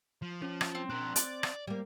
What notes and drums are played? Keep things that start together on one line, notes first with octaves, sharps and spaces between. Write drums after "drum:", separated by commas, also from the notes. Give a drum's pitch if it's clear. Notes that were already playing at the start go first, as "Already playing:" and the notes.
F3
F3 C#4
drum: rim click
C4
D4 A#4 F#6
D5 A6, drum: hi-hat
drum: rim click
G3 A#3